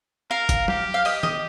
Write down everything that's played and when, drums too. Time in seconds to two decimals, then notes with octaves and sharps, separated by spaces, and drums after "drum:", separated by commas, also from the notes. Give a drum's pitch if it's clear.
0.30 A#4 F5
0.49 drum: kick, hi-hat
0.68 G4, drum: tom F#3
0.94 F5
1.05 G4 D#5, drum: open hi-hat
1.23 D#5, drum: tom D#3